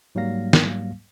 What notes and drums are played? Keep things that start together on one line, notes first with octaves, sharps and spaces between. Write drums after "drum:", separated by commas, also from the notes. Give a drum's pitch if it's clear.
G#2 F#3 G3 A#3 F5 A#6
drum: snare